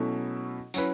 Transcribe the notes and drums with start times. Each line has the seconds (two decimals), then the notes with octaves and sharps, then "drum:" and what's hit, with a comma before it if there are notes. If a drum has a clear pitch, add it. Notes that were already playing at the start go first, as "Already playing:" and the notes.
Already playing: B2 F#3 A3 C#4 E4
0.74 F#3 C#4 E4 B4, drum: tambourine